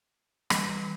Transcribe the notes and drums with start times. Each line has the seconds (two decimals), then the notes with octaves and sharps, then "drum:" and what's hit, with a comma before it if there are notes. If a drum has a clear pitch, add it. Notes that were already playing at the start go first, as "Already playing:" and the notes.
0.50 E3 G3, drum: rim click